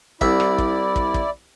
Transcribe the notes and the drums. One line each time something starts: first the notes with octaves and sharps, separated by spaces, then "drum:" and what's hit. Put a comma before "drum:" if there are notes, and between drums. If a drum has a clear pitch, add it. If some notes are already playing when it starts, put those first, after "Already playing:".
C2 E4 D5 E5, drum: kick
drum: rim click
drum: kick
drum: kick
drum: kick